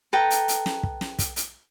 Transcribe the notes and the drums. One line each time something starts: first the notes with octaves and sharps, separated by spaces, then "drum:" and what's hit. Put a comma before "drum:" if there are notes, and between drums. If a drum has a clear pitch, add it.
A4 B4 G5 A#5
drum: hi-hat
drum: hi-hat
drum: snare
drum: kick
drum: snare
drum: kick, hi-hat
drum: hi-hat